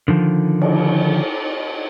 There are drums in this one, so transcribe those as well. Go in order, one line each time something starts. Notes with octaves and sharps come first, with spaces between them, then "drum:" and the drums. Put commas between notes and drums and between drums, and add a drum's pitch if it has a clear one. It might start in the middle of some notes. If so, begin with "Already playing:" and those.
D3 D#3 F3
drum: cymbal